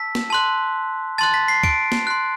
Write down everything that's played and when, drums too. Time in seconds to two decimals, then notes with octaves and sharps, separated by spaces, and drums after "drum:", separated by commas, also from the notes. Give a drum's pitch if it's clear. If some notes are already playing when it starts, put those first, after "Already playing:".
Already playing: A5 E6 B6
0.15 drum: snare
0.30 A5 C6 F#6
1.18 A5 C6 F#6 A6
1.34 B6
1.48 C7
1.63 D7, drum: kick
1.92 drum: snare
2.07 C6 F#6